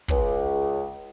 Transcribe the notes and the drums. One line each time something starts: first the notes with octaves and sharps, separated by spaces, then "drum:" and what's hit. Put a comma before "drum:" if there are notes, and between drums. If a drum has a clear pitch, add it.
C#2, drum: kick